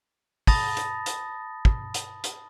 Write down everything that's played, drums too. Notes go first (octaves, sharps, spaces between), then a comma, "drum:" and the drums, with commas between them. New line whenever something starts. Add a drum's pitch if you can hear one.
A5 B5 D#6 A6 A#6, drum: kick, open hi-hat
drum: hi-hat
drum: hi-hat
drum: kick
drum: hi-hat
drum: hi-hat